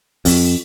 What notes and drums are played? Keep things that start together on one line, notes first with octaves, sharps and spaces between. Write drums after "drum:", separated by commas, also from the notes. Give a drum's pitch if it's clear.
F2, drum: open hi-hat